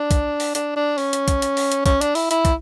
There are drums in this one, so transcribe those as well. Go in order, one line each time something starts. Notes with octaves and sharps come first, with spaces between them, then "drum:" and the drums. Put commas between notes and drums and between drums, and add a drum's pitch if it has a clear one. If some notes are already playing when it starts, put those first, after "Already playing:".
Already playing: D4
drum: kick, hi-hat
drum: open hi-hat
D4, drum: hi-hat
D4
C#4, drum: open hi-hat
drum: hi-hat
drum: kick, hi-hat
drum: hi-hat
drum: open hi-hat
drum: hi-hat
C#4, drum: kick, hi-hat
D4, drum: hi-hat
E4, drum: open hi-hat
E4, drum: hi-hat
drum: kick, hi-hat